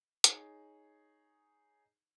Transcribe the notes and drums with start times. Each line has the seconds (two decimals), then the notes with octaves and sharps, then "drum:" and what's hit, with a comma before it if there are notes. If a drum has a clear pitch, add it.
0.24 D#4 G#4 C#5, drum: hi-hat